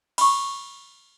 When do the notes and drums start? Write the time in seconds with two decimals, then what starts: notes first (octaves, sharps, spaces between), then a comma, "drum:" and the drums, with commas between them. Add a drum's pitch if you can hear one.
0.18 B5 C#6, drum: cymbal